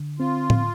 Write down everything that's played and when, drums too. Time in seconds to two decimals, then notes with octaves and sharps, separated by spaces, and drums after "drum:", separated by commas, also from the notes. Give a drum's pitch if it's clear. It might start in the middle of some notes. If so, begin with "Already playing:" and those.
Already playing: D3
0.19 C4 F4
0.50 drum: tom A2